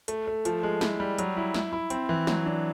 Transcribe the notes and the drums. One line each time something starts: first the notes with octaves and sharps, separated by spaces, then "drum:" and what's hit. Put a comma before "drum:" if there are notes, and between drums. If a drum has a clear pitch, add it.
A3, drum: hi-hat
A3
F3, drum: hi-hat
G#3
E4, drum: snare
G3
F#3, drum: hi-hat
E4
E4, drum: snare
E4
C4, drum: hi-hat
E3
F#3, drum: snare
D4